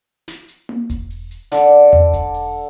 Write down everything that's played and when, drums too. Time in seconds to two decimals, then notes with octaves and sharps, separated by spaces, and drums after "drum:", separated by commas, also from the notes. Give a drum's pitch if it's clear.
0.28 drum: snare
0.48 drum: hi-hat
0.69 drum: tom A#3
0.90 drum: kick E1, hi-hat
1.10 drum: open hi-hat
1.31 drum: hi-hat
1.52 D3, drum: snare
1.93 drum: tom E2
2.13 drum: kick E1, hi-hat
2.34 drum: open hi-hat